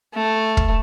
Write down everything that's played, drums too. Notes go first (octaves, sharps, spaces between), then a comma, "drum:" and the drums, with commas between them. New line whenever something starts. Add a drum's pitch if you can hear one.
A3
drum: kick